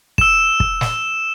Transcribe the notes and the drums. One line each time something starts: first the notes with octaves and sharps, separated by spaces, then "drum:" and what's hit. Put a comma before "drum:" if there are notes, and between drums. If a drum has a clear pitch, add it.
E6 E7, drum: kick
drum: kick
drum: snare